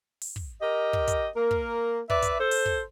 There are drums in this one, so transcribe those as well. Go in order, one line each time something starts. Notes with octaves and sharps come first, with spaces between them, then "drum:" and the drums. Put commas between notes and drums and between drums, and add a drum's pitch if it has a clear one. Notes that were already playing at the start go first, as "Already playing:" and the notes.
drum: open hi-hat
drum: kick
G4 A#4 D#5
drum: kick
drum: kick, hi-hat
A#3 A#4
drum: kick
B4 D5 E5, drum: kick
drum: kick, hi-hat
A4 C5
drum: open hi-hat
drum: kick